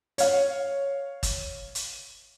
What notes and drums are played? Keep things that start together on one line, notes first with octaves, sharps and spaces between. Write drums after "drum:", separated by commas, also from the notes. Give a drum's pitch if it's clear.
C#5 F5, drum: hi-hat
drum: kick, hi-hat
drum: hi-hat